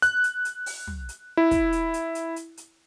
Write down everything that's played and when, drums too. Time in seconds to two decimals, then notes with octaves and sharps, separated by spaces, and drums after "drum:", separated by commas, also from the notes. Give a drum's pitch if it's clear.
0.02 F#6, drum: hi-hat
0.24 drum: hi-hat
0.45 drum: hi-hat
0.66 drum: open hi-hat
0.87 drum: tom
1.09 drum: hi-hat
1.37 E4
1.51 drum: kick, hi-hat
1.72 drum: hi-hat
1.94 drum: hi-hat
2.15 drum: hi-hat
2.36 drum: hi-hat
2.57 drum: hi-hat